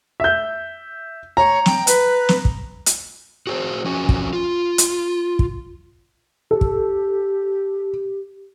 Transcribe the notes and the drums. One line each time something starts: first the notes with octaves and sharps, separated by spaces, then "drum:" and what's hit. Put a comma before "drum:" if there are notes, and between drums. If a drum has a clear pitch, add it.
E5 G6
C#5 A#5
G5, drum: snare
B4, drum: hi-hat
drum: snare
drum: kick
drum: hi-hat
F#4 G#4 B4 C5
F3 C#4 F#4
drum: kick
F4
drum: hi-hat
drum: kick
G4 A4
drum: kick